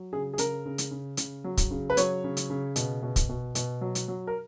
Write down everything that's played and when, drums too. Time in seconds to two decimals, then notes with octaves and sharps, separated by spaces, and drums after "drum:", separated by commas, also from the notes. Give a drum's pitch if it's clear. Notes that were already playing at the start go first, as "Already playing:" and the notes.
Already playing: F#3
0.13 C#3 G#4
0.33 G#4
0.38 C#3 A#4, drum: hi-hat
0.65 C#3
0.78 drum: hi-hat
0.91 C#3
1.17 C#3, drum: hi-hat
1.44 F#3
1.57 drum: kick, hi-hat
1.71 C#3
1.90 B4
1.97 F#3 C#5, drum: hi-hat
2.24 C#3
2.37 drum: hi-hat
2.50 C#3
2.76 B2, drum: hi-hat
3.03 B2
3.16 drum: kick, hi-hat
3.29 B2
3.55 B2, drum: hi-hat
3.81 F#3
3.95 drum: hi-hat
4.08 F#3
4.27 A#4